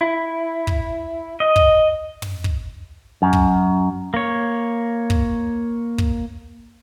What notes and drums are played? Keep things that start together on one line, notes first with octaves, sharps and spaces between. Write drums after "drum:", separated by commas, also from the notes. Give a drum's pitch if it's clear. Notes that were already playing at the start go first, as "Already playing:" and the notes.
E4
drum: kick
D#5
drum: kick
drum: tom
drum: kick
F#2
drum: kick
A#3 C#5
drum: kick
drum: kick